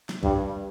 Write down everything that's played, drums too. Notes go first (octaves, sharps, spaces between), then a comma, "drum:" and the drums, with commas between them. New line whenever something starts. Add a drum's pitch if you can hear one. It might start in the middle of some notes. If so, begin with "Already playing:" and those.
drum: snare
G2, drum: kick A#1